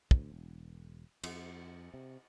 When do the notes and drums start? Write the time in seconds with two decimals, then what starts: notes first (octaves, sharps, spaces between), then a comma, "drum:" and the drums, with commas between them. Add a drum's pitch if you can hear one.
0.11 D2, drum: kick
0.31 E1
1.24 F2, drum: cymbal
1.94 C3